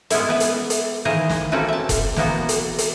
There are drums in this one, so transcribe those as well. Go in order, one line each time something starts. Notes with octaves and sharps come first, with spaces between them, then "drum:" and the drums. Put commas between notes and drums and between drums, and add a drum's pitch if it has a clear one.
G#3 B3 C#4 E4 E5, drum: hi-hat
B3 B4 E5
drum: hi-hat
drum: hi-hat
D#3 E3 G#4 C5 D#5 F5
drum: snare
A#3 C4 C#4 F#4 A4 B4
E5 A5
drum: kick F1, hi-hat
B2 E3 F#3 A#3 B3 F#4, drum: snare
drum: hi-hat
drum: hi-hat